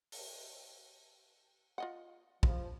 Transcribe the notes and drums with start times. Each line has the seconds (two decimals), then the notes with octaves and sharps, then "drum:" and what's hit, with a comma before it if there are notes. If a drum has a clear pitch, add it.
0.12 drum: open hi-hat
1.78 F4 D#5 F#5
2.43 F3, drum: kick